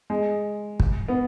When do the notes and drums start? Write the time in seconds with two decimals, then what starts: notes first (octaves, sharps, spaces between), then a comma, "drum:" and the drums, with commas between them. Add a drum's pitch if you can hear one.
0.10 G#3
0.80 drum: kick
1.08 B3